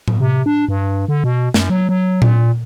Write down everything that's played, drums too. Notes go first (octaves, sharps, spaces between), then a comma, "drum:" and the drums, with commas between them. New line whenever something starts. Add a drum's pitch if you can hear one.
drum: tom A2
C3
D4
G2
D3
B2
F#2, drum: snare
F#3
F#3
A#2, drum: tom A#2